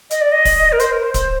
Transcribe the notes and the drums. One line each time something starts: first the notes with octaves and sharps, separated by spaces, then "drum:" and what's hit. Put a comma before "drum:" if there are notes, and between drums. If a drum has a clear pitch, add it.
D#5, drum: hi-hat
D5
D#5
drum: kick, open hi-hat
A#4
C5, drum: hi-hat
A#4
C5
C5, drum: kick, hi-hat